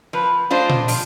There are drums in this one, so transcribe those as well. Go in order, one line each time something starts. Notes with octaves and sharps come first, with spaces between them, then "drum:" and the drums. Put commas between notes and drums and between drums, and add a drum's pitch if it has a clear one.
F3 B4
G#3 D4 F4 C5
drum: tom A#2
F3, drum: open hi-hat